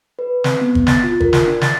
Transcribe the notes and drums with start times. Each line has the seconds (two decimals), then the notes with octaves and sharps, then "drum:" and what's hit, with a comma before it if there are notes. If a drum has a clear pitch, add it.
0.19 B4
0.44 C4, drum: snare
0.61 B3
0.75 drum: kick G1
0.87 A6, drum: snare
1.04 F4
1.20 A#4, drum: kick G1
1.33 drum: snare
1.47 D4
1.61 A6, drum: snare